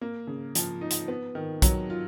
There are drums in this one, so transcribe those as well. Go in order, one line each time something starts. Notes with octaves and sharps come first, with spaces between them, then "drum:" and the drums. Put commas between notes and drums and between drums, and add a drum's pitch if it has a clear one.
A#3
C#3
F3, drum: hi-hat
D#4
drum: hi-hat
B3
D#3
F#3, drum: kick B1, hi-hat
F4